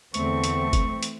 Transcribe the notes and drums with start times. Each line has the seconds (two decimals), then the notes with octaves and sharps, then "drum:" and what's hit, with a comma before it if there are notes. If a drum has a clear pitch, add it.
0.14 E2 D3 E3 A3 C4 C#6, drum: hi-hat
0.44 drum: hi-hat
0.73 drum: kick, hi-hat
1.03 drum: hi-hat